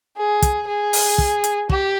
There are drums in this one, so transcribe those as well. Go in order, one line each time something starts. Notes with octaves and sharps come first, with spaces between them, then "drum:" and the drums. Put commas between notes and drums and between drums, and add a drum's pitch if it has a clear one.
G#4
drum: kick, hi-hat
G#4
drum: open hi-hat
drum: kick
drum: hi-hat
G4, drum: kick